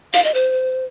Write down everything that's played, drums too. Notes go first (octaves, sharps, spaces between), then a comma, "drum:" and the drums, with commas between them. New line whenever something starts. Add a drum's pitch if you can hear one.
F5, drum: hi-hat
D#5
C5